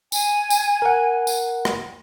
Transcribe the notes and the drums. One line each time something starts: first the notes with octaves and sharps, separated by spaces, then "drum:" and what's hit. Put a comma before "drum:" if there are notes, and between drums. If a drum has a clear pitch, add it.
G#5, drum: tambourine
drum: tambourine
A#4 F#5
drum: tambourine
drum: rim click